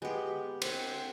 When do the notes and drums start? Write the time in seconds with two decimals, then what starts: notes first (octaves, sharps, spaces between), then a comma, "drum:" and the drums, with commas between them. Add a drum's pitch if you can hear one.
0.02 G#3 B3 G4
0.62 C4 F#5 G#5, drum: cymbal